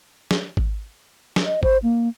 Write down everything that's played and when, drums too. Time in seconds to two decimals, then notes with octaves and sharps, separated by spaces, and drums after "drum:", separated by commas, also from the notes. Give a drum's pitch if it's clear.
0.31 drum: snare
0.57 drum: kick G#1
1.36 drum: snare
1.46 D#5
1.63 C5, drum: kick G#1
1.83 A#3